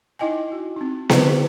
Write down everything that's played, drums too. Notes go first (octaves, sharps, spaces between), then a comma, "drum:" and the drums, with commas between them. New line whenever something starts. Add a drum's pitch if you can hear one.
D#4 E4 D#5 G5 G#5
F#4
C4 D#4
D3 E4 G#4 B4 C5, drum: snare B3